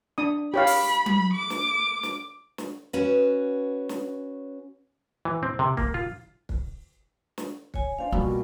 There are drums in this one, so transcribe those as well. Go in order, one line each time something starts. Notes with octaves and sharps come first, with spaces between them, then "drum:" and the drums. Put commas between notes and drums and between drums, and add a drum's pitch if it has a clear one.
D4 D#6
G4 C#5 F5 B5
drum: open hi-hat
drum: tom F#3
D6
drum: snare
drum: snare
drum: snare
C#4 F#4 B4
drum: snare
E3
C4
C3
A#3, drum: kick
F4
drum: kick
drum: snare
C#5 G#5, drum: kick
D4 C5 D5 F5 G#5
B2 G3 A#3 F4 F#4 B5